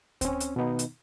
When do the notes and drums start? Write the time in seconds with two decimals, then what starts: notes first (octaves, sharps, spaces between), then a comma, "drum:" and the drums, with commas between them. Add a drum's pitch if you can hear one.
0.21 C4 C#4, drum: kick D2, hi-hat
0.40 drum: hi-hat
0.56 B2 D#3 B3 D#4
0.79 drum: hi-hat